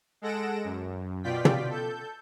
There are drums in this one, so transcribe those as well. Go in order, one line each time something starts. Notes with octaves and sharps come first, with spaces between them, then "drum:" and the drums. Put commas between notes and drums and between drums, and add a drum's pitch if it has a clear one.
G#3 A4 F#5 A#6 D7 E7
F#2
B2 F4 D5 G5 B6
drum: tom
A4 G6